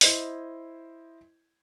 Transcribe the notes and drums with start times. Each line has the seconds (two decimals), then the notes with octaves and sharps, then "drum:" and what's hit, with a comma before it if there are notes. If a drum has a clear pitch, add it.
0.01 E4 C5 D#5, drum: open hi-hat